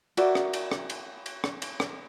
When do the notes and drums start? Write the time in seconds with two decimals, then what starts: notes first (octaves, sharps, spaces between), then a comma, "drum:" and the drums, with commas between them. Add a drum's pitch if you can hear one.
0.17 F#4 A#4 D5 E5, drum: cymbal
0.35 drum: rim click
0.53 drum: cymbal
0.72 drum: rim click
0.90 drum: cymbal
1.26 drum: cymbal
1.44 drum: rim click
1.62 drum: cymbal
1.80 drum: rim click